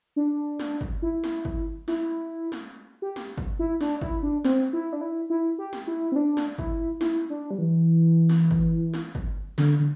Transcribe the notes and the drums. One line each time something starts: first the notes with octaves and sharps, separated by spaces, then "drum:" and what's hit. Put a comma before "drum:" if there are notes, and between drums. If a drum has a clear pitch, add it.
D4
drum: snare
drum: kick
E4
drum: snare
drum: kick
E4, drum: snare
drum: snare
G4
drum: snare
drum: kick
E4
D4, drum: snare
E4, drum: kick
D4
C4, drum: snare
E4
D4
E4
E4
G4
drum: snare
E4
C4
D4
drum: snare
E4, drum: kick
E4, drum: snare
D4
G3
E3
drum: snare
drum: kick
drum: snare
drum: kick
D3, drum: snare
D3